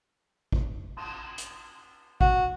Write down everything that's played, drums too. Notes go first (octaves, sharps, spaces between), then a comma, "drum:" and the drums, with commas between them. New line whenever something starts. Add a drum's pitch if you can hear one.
drum: kick A1
drum: cymbal
drum: hi-hat
F#4, drum: kick A1